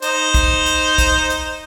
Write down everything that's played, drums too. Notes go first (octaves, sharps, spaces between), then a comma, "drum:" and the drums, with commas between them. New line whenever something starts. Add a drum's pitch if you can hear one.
D#4 C5, drum: hi-hat
drum: kick, hi-hat
drum: hi-hat
drum: kick, hi-hat
drum: hi-hat